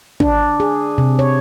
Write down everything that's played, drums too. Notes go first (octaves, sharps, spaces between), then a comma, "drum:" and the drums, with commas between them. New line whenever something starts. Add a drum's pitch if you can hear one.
D4, drum: kick
G#4
C3
C#5